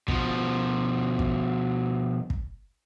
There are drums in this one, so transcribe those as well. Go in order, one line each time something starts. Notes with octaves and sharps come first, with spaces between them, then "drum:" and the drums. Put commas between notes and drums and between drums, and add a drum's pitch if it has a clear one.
B2 F3, drum: kick
drum: kick
drum: kick